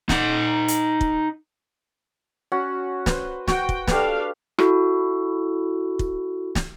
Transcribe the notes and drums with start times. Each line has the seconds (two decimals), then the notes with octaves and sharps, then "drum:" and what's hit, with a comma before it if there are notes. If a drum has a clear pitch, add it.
0.09 D#4 F#5, drum: snare
0.68 drum: hi-hat
1.01 drum: kick
2.52 C#4 F#4 F#5
3.06 B4 C5, drum: snare
3.48 F#4 F#5 G5, drum: snare
3.69 drum: kick
3.88 D4 G4 A4 B4 F5, drum: snare
4.58 E4 F#4 A4, drum: rim click
5.99 drum: kick
6.55 drum: snare